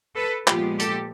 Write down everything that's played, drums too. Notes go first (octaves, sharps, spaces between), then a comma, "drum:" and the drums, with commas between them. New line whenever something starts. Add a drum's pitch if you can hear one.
A4 B4
A#2 F3 G#3 B3 F4 G4, drum: clap
G4 A4, drum: hi-hat